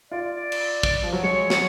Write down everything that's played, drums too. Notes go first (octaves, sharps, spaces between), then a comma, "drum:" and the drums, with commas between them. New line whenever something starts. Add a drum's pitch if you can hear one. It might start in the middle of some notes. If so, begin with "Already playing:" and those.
F4 D5
D5
drum: cymbal
drum: kick
F3
F#3
G#3 C#5
F#3 C#5, drum: snare